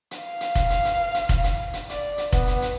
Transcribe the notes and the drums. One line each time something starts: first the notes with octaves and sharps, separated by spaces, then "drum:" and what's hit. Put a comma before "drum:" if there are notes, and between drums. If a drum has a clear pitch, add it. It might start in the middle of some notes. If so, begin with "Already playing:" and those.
drum: hi-hat
F5
drum: hi-hat
drum: kick F1, hi-hat
drum: hi-hat
drum: hi-hat
drum: hi-hat
drum: kick F1, hi-hat
drum: hi-hat
drum: hi-hat
D5, drum: hi-hat
drum: hi-hat
B3, drum: kick F1, hi-hat
drum: hi-hat
drum: hi-hat